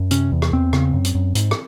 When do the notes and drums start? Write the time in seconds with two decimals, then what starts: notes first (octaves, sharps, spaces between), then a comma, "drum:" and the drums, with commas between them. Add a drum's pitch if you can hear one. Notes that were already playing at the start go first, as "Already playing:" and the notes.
Already playing: F#2
0.11 C3 C#4, drum: hi-hat
0.32 E2
0.42 drum: rim click
0.53 E2 C4
0.73 C#3, drum: rim click
0.94 F#2
1.05 drum: hi-hat
1.15 F#2
1.35 G#2, drum: hi-hat
1.51 drum: rim click